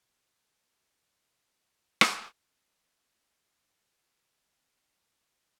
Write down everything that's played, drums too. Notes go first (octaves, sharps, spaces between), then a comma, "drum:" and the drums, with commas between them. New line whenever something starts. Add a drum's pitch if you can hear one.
F#5 G#5
drum: rim click
F#3
D4 G#5
F#4
E3
G#3
G2
F4
C3
A2
G#2
D3
F#5
G5
F5
F3
G#4